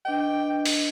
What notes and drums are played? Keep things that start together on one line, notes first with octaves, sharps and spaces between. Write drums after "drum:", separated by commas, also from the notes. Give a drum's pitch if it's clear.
D4 B4 D#5 G5
drum: open hi-hat